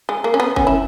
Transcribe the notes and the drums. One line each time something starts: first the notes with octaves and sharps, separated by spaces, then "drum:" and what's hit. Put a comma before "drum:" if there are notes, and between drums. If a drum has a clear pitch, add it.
G#3
A#3
C#4
B3
C#4, drum: kick
E4